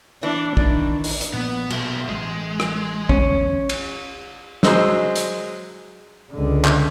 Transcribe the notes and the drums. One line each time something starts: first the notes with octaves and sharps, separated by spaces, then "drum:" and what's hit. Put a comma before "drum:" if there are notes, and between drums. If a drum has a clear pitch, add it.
E3 D4
D#3 D4, drum: kick
drum: open hi-hat
drum: hi-hat
A#2 F3 A#3 B3 B4
B2 F#3 B3 F#4 E5, drum: cymbal
A1 G#3
drum: rim click
E2 D3 G3 C#4, drum: kick
drum: cymbal
F#3 G#3 C5 D#5 E6, drum: snare
drum: hi-hat
C#2 D3
drum: clap